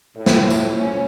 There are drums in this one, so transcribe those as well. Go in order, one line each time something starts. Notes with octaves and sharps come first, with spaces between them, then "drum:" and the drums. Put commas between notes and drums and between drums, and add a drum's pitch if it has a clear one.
A2
drum: snare
drum: tambourine
C#4